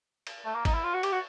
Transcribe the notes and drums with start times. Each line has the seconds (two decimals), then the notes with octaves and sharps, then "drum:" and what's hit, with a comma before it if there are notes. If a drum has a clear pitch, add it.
0.27 drum: cymbal
0.46 A3
0.55 A#3
0.65 D#4, drum: kick, cymbal
0.74 E4
0.84 F4
0.94 F#4
1.03 G4, drum: cymbal
1.12 F#4